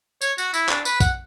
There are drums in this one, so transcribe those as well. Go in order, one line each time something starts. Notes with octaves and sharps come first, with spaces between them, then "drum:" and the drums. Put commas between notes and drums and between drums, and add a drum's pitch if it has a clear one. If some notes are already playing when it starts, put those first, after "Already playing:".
C#5, drum: tambourine
F#4, drum: tambourine
E4, drum: tambourine
D4, drum: clap
B4, drum: tambourine
F#5, drum: kick B1, tambourine